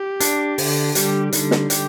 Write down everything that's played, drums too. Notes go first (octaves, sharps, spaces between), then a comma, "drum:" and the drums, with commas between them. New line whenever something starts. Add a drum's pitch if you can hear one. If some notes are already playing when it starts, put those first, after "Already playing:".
Already playing: G4
D4, drum: hi-hat
D3, drum: open hi-hat
G3 G4, drum: hi-hat
D3 D#4, drum: hi-hat
drum: snare
G4, drum: hi-hat